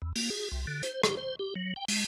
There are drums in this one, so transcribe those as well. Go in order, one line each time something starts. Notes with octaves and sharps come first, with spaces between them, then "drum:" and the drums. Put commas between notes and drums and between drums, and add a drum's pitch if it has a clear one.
E2
A#3, drum: open hi-hat
G#4
C2
D3
C5, drum: hi-hat
G4, drum: rim click
C5
G4
F#3
G5
G#3, drum: open hi-hat